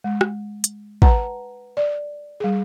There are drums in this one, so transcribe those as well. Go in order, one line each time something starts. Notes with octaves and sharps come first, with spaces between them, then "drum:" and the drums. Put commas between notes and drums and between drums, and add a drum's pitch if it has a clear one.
G#3
drum: rim click
drum: hi-hat
B4 F#5 A5 A#5, drum: kick
D5
G3 G#4